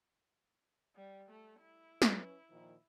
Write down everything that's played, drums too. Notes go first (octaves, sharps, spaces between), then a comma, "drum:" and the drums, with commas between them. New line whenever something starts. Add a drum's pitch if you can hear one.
G3
A3
E4
C#4 B4, drum: snare
A#2 D#3 F3